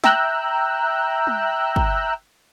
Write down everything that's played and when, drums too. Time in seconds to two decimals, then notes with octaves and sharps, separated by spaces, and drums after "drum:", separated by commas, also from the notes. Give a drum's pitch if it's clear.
0.04 E5 G5 A#5 E6 F#6 G6, drum: snare
1.27 drum: tom
1.76 drum: kick